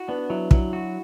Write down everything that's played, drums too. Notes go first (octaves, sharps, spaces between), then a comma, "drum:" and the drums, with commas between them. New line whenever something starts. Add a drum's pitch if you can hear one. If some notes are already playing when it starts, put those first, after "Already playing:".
Already playing: E4 F#4
B3 D4
F#3 E4
F#3 E4, drum: kick
F#4